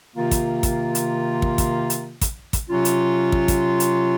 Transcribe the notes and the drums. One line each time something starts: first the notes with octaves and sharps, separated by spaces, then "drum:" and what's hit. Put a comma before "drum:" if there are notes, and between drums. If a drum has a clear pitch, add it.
C3 D#3 A#3 F4
drum: kick, hi-hat
drum: kick, hi-hat
drum: hi-hat
drum: kick
drum: kick, hi-hat
drum: hi-hat
drum: kick, hi-hat
drum: kick, hi-hat
C3 F#3 C#4 F4
drum: hi-hat
drum: kick
drum: kick, hi-hat
drum: hi-hat